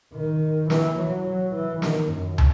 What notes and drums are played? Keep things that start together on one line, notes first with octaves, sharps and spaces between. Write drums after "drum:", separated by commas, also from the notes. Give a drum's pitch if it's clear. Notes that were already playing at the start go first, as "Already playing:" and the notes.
D#3
E3, drum: snare
F#3
F#3
E3
D#3, drum: snare
F#2
drum: tom